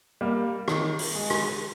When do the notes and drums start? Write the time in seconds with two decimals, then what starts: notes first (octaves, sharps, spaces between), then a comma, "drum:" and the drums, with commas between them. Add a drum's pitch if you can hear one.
0.21 G3 A#3
0.68 D#3, drum: rim click
0.99 drum: open hi-hat
1.15 G#3
1.30 drum: rim click